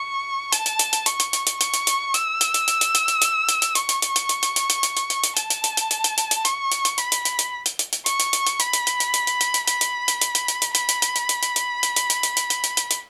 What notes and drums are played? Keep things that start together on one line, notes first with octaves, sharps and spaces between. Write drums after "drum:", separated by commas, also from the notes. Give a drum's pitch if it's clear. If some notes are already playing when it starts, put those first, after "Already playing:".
Already playing: C#6
A5, drum: hi-hat
drum: hi-hat
drum: hi-hat
drum: hi-hat
C#6, drum: hi-hat
drum: hi-hat
drum: hi-hat
drum: hi-hat
C#6, drum: hi-hat
drum: hi-hat
drum: hi-hat
E6, drum: hi-hat
drum: hi-hat
drum: hi-hat
drum: hi-hat
drum: hi-hat
drum: hi-hat
drum: hi-hat
drum: hi-hat
drum: hi-hat
drum: hi-hat
C#6, drum: hi-hat
drum: hi-hat
drum: hi-hat
drum: hi-hat
drum: hi-hat
drum: hi-hat
drum: hi-hat
drum: hi-hat
drum: hi-hat
drum: hi-hat
drum: hi-hat
drum: hi-hat
A5, drum: hi-hat
drum: hi-hat
drum: hi-hat
drum: hi-hat
drum: hi-hat
drum: hi-hat
drum: hi-hat
drum: hi-hat
C#6, drum: hi-hat
drum: hi-hat
drum: hi-hat
B5, drum: hi-hat
drum: hi-hat
drum: hi-hat
drum: hi-hat
drum: hi-hat
drum: hi-hat
drum: hi-hat
C#6, drum: hi-hat
drum: hi-hat
drum: hi-hat
drum: hi-hat
B5, drum: hi-hat
drum: hi-hat
drum: hi-hat
drum: hi-hat
drum: hi-hat
drum: hi-hat
drum: hi-hat
drum: hi-hat
B5, drum: hi-hat
drum: hi-hat
drum: hi-hat
drum: hi-hat
drum: hi-hat
drum: hi-hat
drum: hi-hat
B5, drum: hi-hat
drum: hi-hat
drum: hi-hat
drum: hi-hat
drum: hi-hat
drum: hi-hat
drum: hi-hat
drum: hi-hat
drum: hi-hat
drum: hi-hat
drum: hi-hat
drum: hi-hat
drum: hi-hat
drum: hi-hat
drum: hi-hat
drum: hi-hat